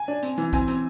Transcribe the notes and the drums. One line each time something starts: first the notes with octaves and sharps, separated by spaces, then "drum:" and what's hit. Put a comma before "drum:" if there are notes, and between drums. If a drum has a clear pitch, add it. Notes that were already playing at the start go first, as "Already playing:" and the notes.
Already playing: G#5
D4
C4, drum: hi-hat
E3, drum: hi-hat
C4 G#5, drum: kick, hi-hat
C4, drum: hi-hat